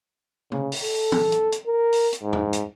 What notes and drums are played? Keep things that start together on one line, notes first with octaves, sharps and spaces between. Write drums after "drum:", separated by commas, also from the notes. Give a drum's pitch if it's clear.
C#3, drum: tom C3
drum: open hi-hat
A4
drum: tom
drum: hi-hat
drum: hi-hat
A#4
drum: open hi-hat
drum: hi-hat
G#2
drum: tom E2
drum: hi-hat